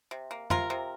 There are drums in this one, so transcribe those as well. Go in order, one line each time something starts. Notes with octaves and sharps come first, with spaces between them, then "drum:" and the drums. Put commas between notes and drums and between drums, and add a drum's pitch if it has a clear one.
C3
A#3
C3 F4 A#4, drum: tom F2
C3